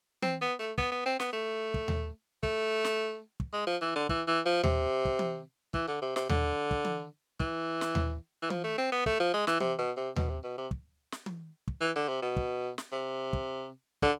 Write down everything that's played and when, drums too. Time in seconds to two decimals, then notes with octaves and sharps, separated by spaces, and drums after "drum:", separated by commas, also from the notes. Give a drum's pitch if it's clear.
0.22 C4, drum: tom
0.41 B3
0.59 A3
0.78 B3, drum: kick
0.91 B3
1.06 C4
1.20 B3, drum: snare
1.33 A3
1.74 drum: kick
1.88 drum: tom D#2
2.43 A3, drum: kick
2.85 drum: snare
3.40 drum: kick
3.53 G#3
3.67 F3
3.82 E3
3.96 D3
4.09 E3, drum: kick
4.27 E3
4.46 F3
4.64 C3, drum: tom D#2
5.05 drum: kick
5.19 drum: tom
5.74 E3, drum: kick
5.87 D3
6.02 C3
6.16 C3, drum: snare
6.29 D3, drum: tom D#2
6.71 drum: kick
6.85 drum: tom
7.40 E3, drum: kick
7.81 drum: snare
7.95 drum: tom D#2
8.42 E3
8.50 F3, drum: tom
8.64 A3
8.78 C4
8.92 B3
9.06 A3, drum: kick
9.20 F3
9.34 G#3
9.47 E3, drum: snare
9.60 C3, drum: tom
9.78 B2
9.97 C3
10.16 B2, drum: tom D#2
10.29 C3
10.44 B2
10.58 C3
10.71 drum: kick
11.12 drum: snare
11.26 drum: tom
11.68 drum: kick
11.81 E3
11.96 D3
12.09 C3
12.22 B2
12.36 drum: kick
12.78 drum: snare
12.92 C3
13.33 drum: kick
14.02 D3, drum: kick